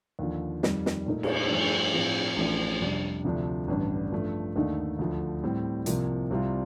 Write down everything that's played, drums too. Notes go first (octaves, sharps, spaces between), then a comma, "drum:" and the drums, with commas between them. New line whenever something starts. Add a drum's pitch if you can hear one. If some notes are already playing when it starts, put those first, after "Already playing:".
D#2 D3 F3
F2 D#3 G3, drum: snare
drum: snare
A#2 A3 D#4 A#4
drum: cymbal
G2 F3 A3
A2 F3 C4
A1 A2 F3 A3 D4
F2 C3 G3 D4 G4
D2 C3 F3 A3 D4
A1 G2 D3 G3 D4
G2 F3 A3
D#2 D3 A3 D#4
D2 D3 F3 A3
A2 G3 C4
C2 C3 F3 A#3, drum: hi-hat
C2 C3 G3 C4 F4